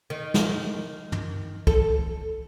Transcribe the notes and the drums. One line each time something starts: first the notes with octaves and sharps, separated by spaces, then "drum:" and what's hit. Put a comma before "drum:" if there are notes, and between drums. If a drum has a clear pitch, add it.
D#3
drum: snare
drum: tom
A4, drum: kick C2